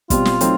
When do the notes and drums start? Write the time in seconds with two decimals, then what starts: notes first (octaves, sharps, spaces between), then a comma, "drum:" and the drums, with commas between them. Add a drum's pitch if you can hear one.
0.10 B2 G3 C4 F4, drum: kick, hi-hat
0.25 drum: snare
0.41 F#3 A3 C4 D#4, drum: hi-hat